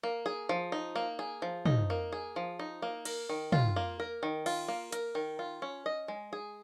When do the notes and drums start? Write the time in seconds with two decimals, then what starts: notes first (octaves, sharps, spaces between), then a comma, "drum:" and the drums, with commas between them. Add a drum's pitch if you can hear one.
0.03 A#3
0.26 G#4
0.49 F3
0.72 D#4
0.96 A#3
1.19 G#4
1.42 F3
1.65 D#4, drum: tom
1.90 A#3
2.12 G#4
2.36 F3
2.59 D#4
2.82 A#3
3.05 A#4, drum: cymbal
3.29 D#3
3.52 F4, drum: tom
3.76 A#3
4.00 A#4
4.23 D#3
4.46 F4, drum: cymbal
4.68 A#3
4.92 A#4, drum: hi-hat
5.15 D#3
5.39 F4
5.62 C#4
5.86 D#5
6.08 G#3
6.33 G#4